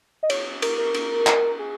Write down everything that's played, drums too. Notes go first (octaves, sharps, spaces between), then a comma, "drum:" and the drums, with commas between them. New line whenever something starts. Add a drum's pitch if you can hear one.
D#5
C#5, drum: cymbal
A#4, drum: cymbal
A#4
drum: cymbal
drum: clap
G#4